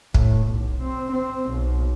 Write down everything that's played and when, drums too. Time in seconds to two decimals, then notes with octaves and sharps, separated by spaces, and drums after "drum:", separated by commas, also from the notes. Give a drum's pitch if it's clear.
0.14 A2, drum: kick
0.47 B1
0.83 C4
1.12 C4
1.50 B1